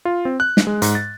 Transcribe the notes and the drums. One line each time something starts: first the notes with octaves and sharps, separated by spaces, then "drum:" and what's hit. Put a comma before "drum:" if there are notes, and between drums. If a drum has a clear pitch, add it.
F4
C4
F#6
drum: snare
G#3
G#2, drum: hi-hat
A6